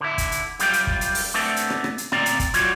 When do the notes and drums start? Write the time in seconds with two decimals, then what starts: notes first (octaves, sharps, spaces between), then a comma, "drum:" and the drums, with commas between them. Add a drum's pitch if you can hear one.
0.01 D3 E4
0.18 drum: kick, hi-hat
0.32 drum: hi-hat
0.59 F#2 G3 B3 F4 G4 G5, drum: hi-hat
0.73 drum: hi-hat
0.87 drum: kick
1.01 drum: hi-hat
1.15 drum: open hi-hat
1.34 A3 B3 C4 D4 A4
1.56 drum: hi-hat
1.70 drum: rim click
1.84 drum: rim click
1.98 drum: hi-hat
2.12 D2 A#2 D3 C4 D5 A#5, drum: rim click
2.26 drum: hi-hat
2.40 drum: kick, hi-hat
2.54 F#3 G3 F4 F#4 C#5, drum: hi-hat